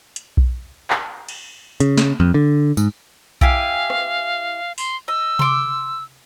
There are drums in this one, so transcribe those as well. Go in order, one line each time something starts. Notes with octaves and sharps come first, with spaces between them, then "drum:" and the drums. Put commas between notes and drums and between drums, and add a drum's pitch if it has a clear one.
drum: hi-hat
drum: kick B1
drum: clap
drum: cymbal
C#3, drum: hi-hat
drum: snare
F2
D3
G#2, drum: tambourine
E4 G4 F5 G#5, drum: kick B1
drum: rim click
C6, drum: open hi-hat
D#5 E6
C6 D6, drum: tom C3